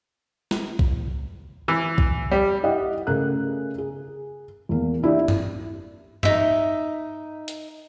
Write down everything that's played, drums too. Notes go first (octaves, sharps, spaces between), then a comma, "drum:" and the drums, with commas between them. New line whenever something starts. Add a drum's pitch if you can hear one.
drum: snare
drum: kick B1
E3
drum: kick B1
G3
E4 G4 D#5 F#5
C#3 A3 G#4 A#4 A#5 F#6
G#4
E2 A#3
D4 E4 G4 D5
drum: tom G2
D#4 E5, drum: tom G2
drum: hi-hat